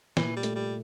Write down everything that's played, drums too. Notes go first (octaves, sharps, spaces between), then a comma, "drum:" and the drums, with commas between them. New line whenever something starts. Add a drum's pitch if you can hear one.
A#2 E3, drum: snare
G3
A3, drum: hi-hat
G3